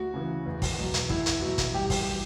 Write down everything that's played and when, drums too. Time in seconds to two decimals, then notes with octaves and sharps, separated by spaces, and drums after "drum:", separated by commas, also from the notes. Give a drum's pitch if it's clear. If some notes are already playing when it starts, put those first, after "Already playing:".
Already playing: D2 F#4
0.14 C#3 E3
0.46 E2
0.62 drum: kick, open hi-hat
0.78 B2 F#3
0.94 drum: hi-hat
1.10 E2 E4, drum: kick
1.26 drum: hi-hat
1.41 B2 F#3 F#4
1.58 drum: kick, hi-hat
1.74 G2 G4
1.90 drum: kick, open hi-hat
2.06 E3